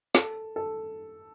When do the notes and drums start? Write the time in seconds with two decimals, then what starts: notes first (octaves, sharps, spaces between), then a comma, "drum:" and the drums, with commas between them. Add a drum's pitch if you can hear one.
0.15 A4, drum: snare
0.56 A4